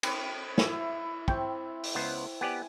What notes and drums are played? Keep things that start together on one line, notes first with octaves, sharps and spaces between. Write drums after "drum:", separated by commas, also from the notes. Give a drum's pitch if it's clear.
C4 B4 C#5, drum: cymbal
E4 E5, drum: snare
C4 G5 C#6, drum: kick
drum: open hi-hat
C#2 B3 C5
B3 G4 D5 G#5